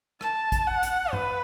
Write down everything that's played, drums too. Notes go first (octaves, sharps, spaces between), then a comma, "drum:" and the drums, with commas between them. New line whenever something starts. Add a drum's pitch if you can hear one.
A5, drum: rim click
drum: kick A1, hi-hat
F#5
drum: hi-hat
B4, drum: tom G2